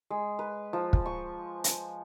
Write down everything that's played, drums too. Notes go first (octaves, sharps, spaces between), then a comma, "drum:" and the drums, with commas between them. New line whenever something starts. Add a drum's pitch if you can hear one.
G#3
B4
F3
drum: kick
C#6
drum: hi-hat